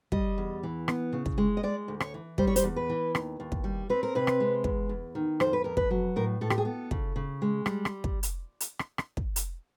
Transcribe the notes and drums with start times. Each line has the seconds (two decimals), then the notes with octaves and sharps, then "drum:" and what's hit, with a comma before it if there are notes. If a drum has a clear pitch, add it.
0.12 G3 D#5, drum: kick
0.38 E2
0.63 E3
0.88 B3, drum: rim click
1.13 C#3
1.26 drum: kick
1.38 G#3
1.57 D#5
1.63 G#3 D5
1.88 D2
2.00 C#5, drum: rim click
2.14 E3
2.38 G3 C5, drum: kick
2.47 C#5
2.56 C5, drum: hi-hat
2.64 E2
2.76 B4
2.90 E3
3.15 D#2, drum: rim click
3.40 D#2
3.52 drum: kick
3.64 G3
3.89 C4 B4
4.03 A#4
4.15 C3 B4
4.27 drum: rim click
4.40 G#3
4.64 E2, drum: kick
4.89 E2
5.15 D#3
5.40 F2 C5, drum: rim click
5.53 B4
5.64 F2 A#4
5.77 B4, drum: kick
5.91 F#3
6.16 A2 A#4
6.41 A2 A4
6.50 G4, drum: rim click
6.58 G#4
6.65 B3 A4
6.91 C#3, drum: kick
7.16 C#3
7.42 G#3
7.66 G3, drum: rim click
7.85 drum: rim click
8.04 drum: kick
8.23 drum: hi-hat
8.60 drum: hi-hat
8.79 drum: rim click
8.98 drum: rim click
9.17 drum: kick
9.36 drum: hi-hat